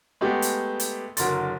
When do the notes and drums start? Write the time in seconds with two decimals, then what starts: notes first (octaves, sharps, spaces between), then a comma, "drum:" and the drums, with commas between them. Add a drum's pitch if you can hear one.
0.21 G#3 A3 B3 G4 G5
0.42 drum: hi-hat
0.80 drum: hi-hat
1.17 F#1 D3 F#3 A#4 C6 A6, drum: hi-hat